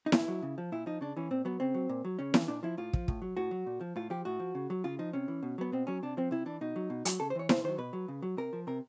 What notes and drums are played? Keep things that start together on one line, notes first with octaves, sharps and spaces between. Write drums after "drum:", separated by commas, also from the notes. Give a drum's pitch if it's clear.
D#4
A#2 E4, drum: snare E4
F#3
C#3
F3
A#2 E4
F3 D#4
C#3 D4
E3 C#4
A#2 C4
F#3 B3
C#3 C4
F#3
A#2
F#3
C#3 C#4
E3, drum: snare E4
A#2 D4
F3 E4
A2 F4
F3, drum: kick
A2, drum: kick
F#3
A2 F#4
F#3
A#2
F3
A2 F4
F3 G4
A2 F#4
F3
C#3
F#3
C#3 F4
F3 D#4
C3 C#4
E3
B2
F#3 B3
B2 C4
F#3 C#4
C3 D4
F3 C4
C3 E4
E3 D4
B2 D#4
F#3
B2
F#3, drum: hi-hat
C#3 A4
C5
E3 C#5
C3 C5, drum: snare E4
D#3 F#3 C5
B2 B4
F#3
C#3
F#3
C3 A#4
F3
C3 A#4